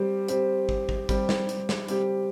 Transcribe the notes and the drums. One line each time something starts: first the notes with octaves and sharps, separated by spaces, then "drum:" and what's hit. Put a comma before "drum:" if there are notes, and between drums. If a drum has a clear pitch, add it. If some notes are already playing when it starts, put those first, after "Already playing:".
Already playing: G3 C4 G4
G3 C4 G4, drum: hi-hat
drum: kick
drum: kick
G3 C4 G4, drum: kick, hi-hat
drum: snare
drum: hi-hat
drum: snare
G3 C4 G4, drum: hi-hat